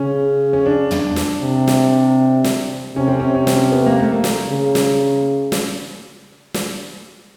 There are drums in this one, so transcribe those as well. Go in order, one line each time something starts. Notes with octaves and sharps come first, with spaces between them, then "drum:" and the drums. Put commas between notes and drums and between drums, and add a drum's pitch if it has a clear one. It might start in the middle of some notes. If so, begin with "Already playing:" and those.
Already playing: C#3 C#4
C#4
D4
drum: tom
drum: snare
C3
drum: snare
drum: snare
C3 C#4
C4
C#4
C#4
drum: snare
B3
A#3
A3
A#3
drum: snare
C#3
drum: snare
drum: snare
drum: snare